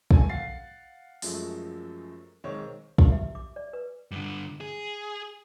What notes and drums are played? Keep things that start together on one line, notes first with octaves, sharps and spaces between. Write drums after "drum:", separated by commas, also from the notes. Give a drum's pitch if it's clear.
B2 A4 G#5, drum: kick
F5 F#5 A6 C7
F#2 F3 F#3 G#3 A3, drum: open hi-hat
B1 D#3 G#3 C4 C#5
G4, drum: kick
E5
D6
D5
B4
G2 D3
G#4